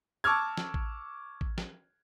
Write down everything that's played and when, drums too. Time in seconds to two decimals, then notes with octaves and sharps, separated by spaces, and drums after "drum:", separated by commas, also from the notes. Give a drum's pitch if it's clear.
0.24 A5 C#6 D6 E6 F6 G#6
0.57 drum: snare
0.74 drum: kick A1
1.41 drum: kick A1
1.58 drum: snare